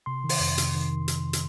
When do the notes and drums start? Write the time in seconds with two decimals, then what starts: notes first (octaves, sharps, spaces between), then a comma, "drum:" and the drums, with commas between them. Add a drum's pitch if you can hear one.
0.06 C3 C6
0.24 D#3
0.29 C6, drum: open hi-hat
0.40 F2
0.58 C3, drum: hi-hat
0.74 D#3
0.91 D#3
1.08 D#3, drum: hi-hat
1.33 drum: hi-hat